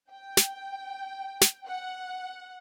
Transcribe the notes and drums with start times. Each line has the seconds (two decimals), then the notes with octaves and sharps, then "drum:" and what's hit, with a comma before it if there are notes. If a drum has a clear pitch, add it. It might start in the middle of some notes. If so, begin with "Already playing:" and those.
0.11 G5
0.37 drum: snare
1.41 drum: snare
1.67 F#5